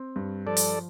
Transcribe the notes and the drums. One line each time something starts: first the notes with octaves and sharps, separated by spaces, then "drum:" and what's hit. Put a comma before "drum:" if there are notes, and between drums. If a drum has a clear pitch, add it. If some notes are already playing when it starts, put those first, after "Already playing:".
Already playing: C4
G2
F3 A4 D5
drum: open hi-hat